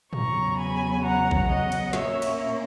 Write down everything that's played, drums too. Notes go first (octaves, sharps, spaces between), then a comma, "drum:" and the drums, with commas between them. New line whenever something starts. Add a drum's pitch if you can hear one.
E2 C#3 F#3 B3 A#5 C#6, drum: tom
G#5 B5
F#5 A#5
drum: kick A#1
D#5 F#5
drum: cymbal
A#2 A#3 C#4 C#5 E5, drum: snare
drum: cymbal